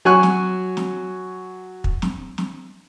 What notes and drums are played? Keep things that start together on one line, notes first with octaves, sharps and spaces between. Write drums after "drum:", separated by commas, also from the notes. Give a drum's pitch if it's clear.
F#3 F#4 G#5 C#6 F#6
drum: snare
drum: snare
drum: kick
drum: snare
drum: snare